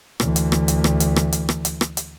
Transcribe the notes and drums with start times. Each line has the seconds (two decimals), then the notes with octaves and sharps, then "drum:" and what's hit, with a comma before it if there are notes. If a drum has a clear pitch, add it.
0.20 D2 E3, drum: rim click
0.36 drum: hi-hat
0.52 drum: rim click
0.68 drum: hi-hat
0.84 drum: rim click
1.00 drum: hi-hat
1.16 drum: rim click
1.32 drum: hi-hat
1.49 drum: rim click
1.65 drum: hi-hat
1.81 drum: rim click
1.97 drum: hi-hat